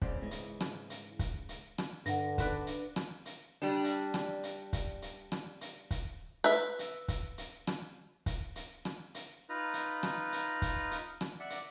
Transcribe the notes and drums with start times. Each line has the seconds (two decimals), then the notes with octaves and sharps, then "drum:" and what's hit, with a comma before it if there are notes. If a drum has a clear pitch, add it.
0.02 G#2 C#3 C4 C#4 D5, drum: kick
0.21 E3 G#3
0.31 drum: hi-hat
0.60 drum: rim click
0.90 drum: hi-hat
1.19 drum: kick, hi-hat
1.49 drum: hi-hat
1.78 drum: rim click
2.06 G2 D3 F#5 A#6, drum: hi-hat
2.38 D4 B4 E7, drum: kick, hi-hat
2.67 drum: hi-hat
2.96 drum: rim click
3.26 drum: hi-hat
3.62 G3 D4
3.84 drum: hi-hat
4.14 drum: rim click
4.43 drum: hi-hat
4.73 drum: kick, hi-hat
5.02 drum: hi-hat
5.32 drum: rim click
5.61 drum: hi-hat
5.91 drum: kick, hi-hat
6.44 B4 E5
6.79 drum: hi-hat
7.08 drum: kick, hi-hat
7.38 drum: hi-hat
7.67 drum: rim click
8.26 drum: kick, hi-hat
8.56 drum: hi-hat
8.85 drum: rim click
9.15 drum: hi-hat
9.49 D#4 F4 B4 A#5
9.73 drum: hi-hat
10.03 drum: rim click
10.32 drum: hi-hat
10.62 drum: kick, hi-hat
10.91 drum: hi-hat
11.21 drum: rim click
11.40 D5 E5 F#5
11.50 drum: hi-hat